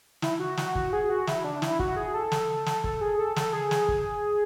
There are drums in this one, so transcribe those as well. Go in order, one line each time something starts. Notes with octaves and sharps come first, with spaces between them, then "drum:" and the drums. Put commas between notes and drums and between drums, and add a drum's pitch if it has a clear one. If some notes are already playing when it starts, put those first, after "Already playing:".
E4, drum: snare
F#4
F#4, drum: snare
F#4, drum: kick
G#4
F#4
E4, drum: snare
D4
E4, drum: snare
F#4, drum: kick
G#4
A4
drum: snare
drum: snare
A4, drum: kick
G#4
A4
A4, drum: snare
G#4
drum: snare
drum: kick